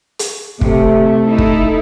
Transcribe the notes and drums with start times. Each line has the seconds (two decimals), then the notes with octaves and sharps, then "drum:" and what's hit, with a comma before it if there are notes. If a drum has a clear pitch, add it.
0.19 drum: hi-hat
0.61 C3 A3, drum: kick
1.28 D#4 E4 A4
1.38 drum: kick